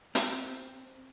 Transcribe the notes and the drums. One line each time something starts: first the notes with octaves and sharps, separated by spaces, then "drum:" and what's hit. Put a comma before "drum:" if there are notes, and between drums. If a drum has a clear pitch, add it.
C4, drum: hi-hat